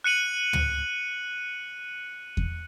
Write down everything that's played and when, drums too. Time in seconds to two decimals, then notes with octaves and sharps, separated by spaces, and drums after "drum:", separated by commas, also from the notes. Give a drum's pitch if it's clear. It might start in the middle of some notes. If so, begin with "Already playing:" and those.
0.04 F#6 C#7 D#7 F#7
0.53 drum: tom
2.37 drum: kick E2